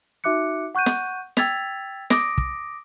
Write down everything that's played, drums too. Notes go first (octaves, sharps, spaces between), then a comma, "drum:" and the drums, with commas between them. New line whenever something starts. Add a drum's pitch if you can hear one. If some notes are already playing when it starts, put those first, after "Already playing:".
D#4 F#4 E5 D6 F#6 C#7
F#5 C#6 F#6 G6 D#7
drum: snare
G5 E6 G#6 A6 B6 F7, drum: snare
D6 D#6 A#6 D7, drum: snare
drum: kick